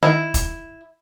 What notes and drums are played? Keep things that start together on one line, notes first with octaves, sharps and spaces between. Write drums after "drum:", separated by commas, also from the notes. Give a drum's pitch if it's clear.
D#3 E4
drum: kick, hi-hat